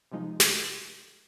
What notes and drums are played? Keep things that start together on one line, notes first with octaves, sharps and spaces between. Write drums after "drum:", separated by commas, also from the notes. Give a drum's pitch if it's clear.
C3 F3 G#3 D#4
drum: snare